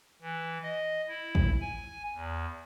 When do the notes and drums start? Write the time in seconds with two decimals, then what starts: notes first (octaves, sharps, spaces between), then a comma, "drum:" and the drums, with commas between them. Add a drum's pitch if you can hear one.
0.22 E3
0.63 D#5
1.08 E4
1.35 drum: kick
1.61 G#5
2.14 E2